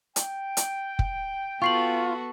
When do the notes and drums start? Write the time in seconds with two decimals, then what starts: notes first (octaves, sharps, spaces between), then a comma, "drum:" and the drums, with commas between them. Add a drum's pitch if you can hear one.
0.16 G5, drum: hi-hat
0.57 drum: hi-hat
0.99 drum: kick
1.62 B3 F4 F#4 A4 C#6 C7 F#7